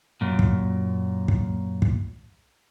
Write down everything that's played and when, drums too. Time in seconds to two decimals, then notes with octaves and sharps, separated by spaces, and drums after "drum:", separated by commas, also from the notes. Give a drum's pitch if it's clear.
0.21 F#2 A#2
0.39 drum: kick
1.28 drum: kick
1.82 drum: kick